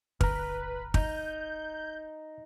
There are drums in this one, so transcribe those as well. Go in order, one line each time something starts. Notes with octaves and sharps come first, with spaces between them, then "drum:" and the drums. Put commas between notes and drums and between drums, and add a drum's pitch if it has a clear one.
D1 G1 D3 B4 A#5 F6, drum: kick
D#4 G6, drum: kick